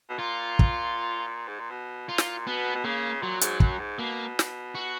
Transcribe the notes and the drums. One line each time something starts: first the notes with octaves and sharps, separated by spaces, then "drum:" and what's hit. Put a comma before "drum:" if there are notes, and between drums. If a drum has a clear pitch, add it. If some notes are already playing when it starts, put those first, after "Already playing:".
B2
A#2 F4
drum: kick
G#2
A#2
B2
A#2 F4
drum: snare
B2 B3
B2
C#3 A#3
A#2 F#3
G#2, drum: hi-hat
F#2, drum: kick
G#2
B2 A#3
drum: snare
F#4